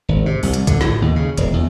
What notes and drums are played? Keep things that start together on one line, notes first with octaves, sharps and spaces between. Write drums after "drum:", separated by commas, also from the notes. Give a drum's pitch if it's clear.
G#1
C3
C2, drum: open hi-hat
drum: hi-hat
D3, drum: kick, hi-hat
A2, drum: snare
D#2
C#3
E1, drum: hi-hat
E2